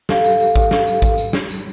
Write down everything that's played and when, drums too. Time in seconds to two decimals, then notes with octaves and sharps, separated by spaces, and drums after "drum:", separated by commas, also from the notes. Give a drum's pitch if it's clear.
0.09 G4 A4 F5, drum: snare
0.24 drum: tambourine
0.40 drum: tambourine
0.56 drum: kick A1, tambourine
0.71 drum: snare
0.87 drum: tambourine
1.02 drum: kick A1, tambourine
1.18 drum: tambourine
1.33 drum: snare
1.49 drum: tambourine